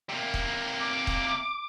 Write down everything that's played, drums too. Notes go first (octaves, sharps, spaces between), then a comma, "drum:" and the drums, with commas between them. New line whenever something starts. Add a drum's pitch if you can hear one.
C3 A#3
drum: kick
D6
drum: kick